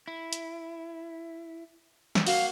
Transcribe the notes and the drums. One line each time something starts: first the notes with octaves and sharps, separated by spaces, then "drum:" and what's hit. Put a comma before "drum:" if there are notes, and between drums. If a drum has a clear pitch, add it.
E4
drum: hi-hat
drum: snare
A#3 F#4 F5, drum: open hi-hat